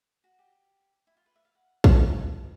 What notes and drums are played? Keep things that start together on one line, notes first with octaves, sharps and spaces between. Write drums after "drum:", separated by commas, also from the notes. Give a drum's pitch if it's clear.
F#4
G4
E4
F4
B4
E5
F5
F#5
F#5, drum: kick
G5
F5
E5